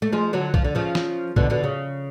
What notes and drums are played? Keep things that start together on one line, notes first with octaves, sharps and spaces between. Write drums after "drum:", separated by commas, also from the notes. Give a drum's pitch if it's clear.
A3
F3 G#3
D3 F#3
F3, drum: kick B1
D3
C#3 F3
drum: snare
B2 D3, drum: kick B1
B2 D3
C#3